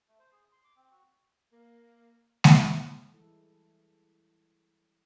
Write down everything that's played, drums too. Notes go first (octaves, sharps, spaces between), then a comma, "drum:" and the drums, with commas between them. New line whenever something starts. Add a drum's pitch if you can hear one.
A3
C5
G#4
C6
D6
C4
F#4
A#3
drum: snare G#3
E3 G3 G#3 E4 A4